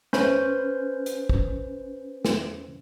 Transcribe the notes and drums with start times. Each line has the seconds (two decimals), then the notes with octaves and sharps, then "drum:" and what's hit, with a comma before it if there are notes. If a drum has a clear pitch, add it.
0.13 C#4 B4 C5 G6, drum: snare
1.06 drum: hi-hat
1.29 drum: kick
2.25 drum: snare